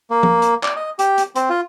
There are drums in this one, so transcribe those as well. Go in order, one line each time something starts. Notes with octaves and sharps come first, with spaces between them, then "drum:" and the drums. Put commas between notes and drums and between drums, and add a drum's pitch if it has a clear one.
A#3
drum: tom
drum: hi-hat
D5, drum: clap
D#5
G4, drum: hi-hat
drum: hi-hat
C4, drum: hi-hat
F4